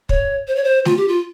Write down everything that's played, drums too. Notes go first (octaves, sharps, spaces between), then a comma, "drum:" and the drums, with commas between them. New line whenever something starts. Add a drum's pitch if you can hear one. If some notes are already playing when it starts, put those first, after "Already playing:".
C#5, drum: kick
C5
C#5
C5
F4, drum: snare A3
G4
F4